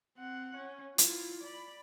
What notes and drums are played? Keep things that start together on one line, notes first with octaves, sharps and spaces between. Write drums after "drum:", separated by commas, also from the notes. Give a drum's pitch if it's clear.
C4 F#5
C#4
E4 F4, drum: hi-hat
D5 B5